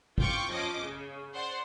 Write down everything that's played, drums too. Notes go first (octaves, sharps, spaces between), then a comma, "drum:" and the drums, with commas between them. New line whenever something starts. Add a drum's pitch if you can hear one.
F4 G5 C#6 D6, drum: kick
F3 C#4 D#5 D6
C#3
C5 D5 F#5 C6